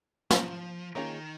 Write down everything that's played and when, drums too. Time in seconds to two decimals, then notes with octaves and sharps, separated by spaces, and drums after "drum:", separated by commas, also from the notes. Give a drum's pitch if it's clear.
0.31 F3 F#3 C#4 F4, drum: snare
0.95 D#3 A#3 C#4 F4 G#4